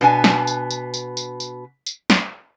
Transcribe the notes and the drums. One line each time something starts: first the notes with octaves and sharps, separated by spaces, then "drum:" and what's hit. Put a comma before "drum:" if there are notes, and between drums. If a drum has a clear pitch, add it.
B2 B3 D4 B4 F#5 G#5
drum: snare
drum: tambourine
drum: tambourine
drum: tambourine
drum: tambourine
drum: tambourine
drum: tambourine
drum: snare